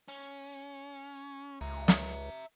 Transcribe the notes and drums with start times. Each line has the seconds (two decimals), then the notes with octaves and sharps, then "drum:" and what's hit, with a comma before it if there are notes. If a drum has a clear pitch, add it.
0.08 C#4
1.61 C#2 E5 A#5
1.88 drum: snare